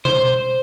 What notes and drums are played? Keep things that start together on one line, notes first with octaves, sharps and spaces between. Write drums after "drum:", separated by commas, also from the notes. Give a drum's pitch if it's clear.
C5, drum: tom B2